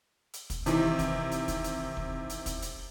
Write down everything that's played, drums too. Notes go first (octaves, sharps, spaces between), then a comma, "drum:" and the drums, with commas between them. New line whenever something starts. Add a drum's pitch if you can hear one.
drum: hi-hat
drum: kick, hi-hat
C3 D#3 E3, drum: hi-hat
drum: kick, hi-hat
drum: hi-hat
drum: kick, hi-hat
drum: hi-hat
drum: kick
drum: hi-hat
drum: kick, hi-hat
drum: hi-hat